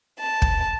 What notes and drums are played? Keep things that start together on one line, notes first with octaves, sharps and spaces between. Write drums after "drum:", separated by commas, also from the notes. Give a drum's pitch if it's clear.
A5
drum: kick